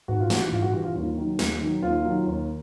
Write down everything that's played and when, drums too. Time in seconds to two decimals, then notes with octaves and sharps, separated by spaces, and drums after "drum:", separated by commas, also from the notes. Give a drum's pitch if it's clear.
0.08 G#1 F#4
0.20 F4
0.30 G2 E3 F#4, drum: snare
0.52 G#1 F4
0.62 F#4
0.73 G2 E3 G4
0.84 F4
0.95 D#2
1.18 D#3 F#3
1.39 D#2, drum: snare
1.60 D#3 F#3
1.82 D#2 F4
2.05 D#3 F#3
2.27 D#2